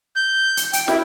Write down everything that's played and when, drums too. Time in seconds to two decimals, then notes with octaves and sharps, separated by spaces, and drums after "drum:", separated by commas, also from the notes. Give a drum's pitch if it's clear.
0.16 G6
0.57 drum: hi-hat
0.73 G5, drum: hi-hat
0.88 E4, drum: snare